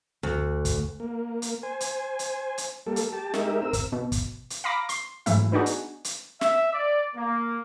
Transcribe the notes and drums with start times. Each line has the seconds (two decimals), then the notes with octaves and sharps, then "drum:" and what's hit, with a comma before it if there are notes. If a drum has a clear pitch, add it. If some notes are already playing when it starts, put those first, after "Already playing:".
0.23 D2
0.65 drum: kick, hi-hat
1.00 A#3
1.42 drum: hi-hat
1.63 C5 G#5
1.80 drum: hi-hat
2.19 drum: hi-hat
2.58 drum: hi-hat
2.86 G3 A#3 A4
2.96 drum: hi-hat
3.13 G4 A5
3.34 G#3 D#4 G4 A#4 E5, drum: snare
3.62 C4 A#4 E6
3.73 drum: kick, hi-hat
3.92 B2
4.12 drum: kick, hi-hat
4.50 drum: hi-hat
4.64 F5 A#5 B5 D6 A#6
4.89 C6, drum: hi-hat
5.26 G#2 E3 F#3 A3 E4, drum: hi-hat
5.52 B3 D4 D#4 F#4 G#4
5.66 drum: hi-hat
6.04 drum: hi-hat
6.41 E5, drum: snare
6.73 D5
7.16 A#3